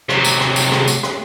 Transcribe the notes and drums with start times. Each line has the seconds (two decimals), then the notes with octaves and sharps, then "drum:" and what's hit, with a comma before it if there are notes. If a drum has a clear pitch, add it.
0.09 C3 F#3, drum: rim click
0.25 drum: tambourine
0.40 drum: rim click
0.56 drum: tambourine
0.72 drum: rim click
0.88 drum: tambourine
1.03 drum: rim click